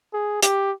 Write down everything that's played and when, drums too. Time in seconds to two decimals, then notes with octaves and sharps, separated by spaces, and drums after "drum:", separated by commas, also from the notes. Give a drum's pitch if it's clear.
0.14 G#4
0.43 G4, drum: hi-hat